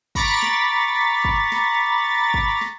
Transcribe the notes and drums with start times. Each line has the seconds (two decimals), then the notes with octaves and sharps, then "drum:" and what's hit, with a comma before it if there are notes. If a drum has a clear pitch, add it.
0.15 A#5 B5 C#6 D6 A6 B6, drum: kick
0.43 drum: snare
1.25 drum: kick
1.52 drum: snare
2.34 drum: kick
2.61 drum: snare